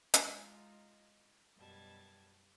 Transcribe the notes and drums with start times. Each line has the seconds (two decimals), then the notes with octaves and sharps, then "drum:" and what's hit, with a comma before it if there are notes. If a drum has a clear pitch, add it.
0.14 G#3 D#4 F4, drum: hi-hat
1.55 F#2 B2 G3 A5 G#6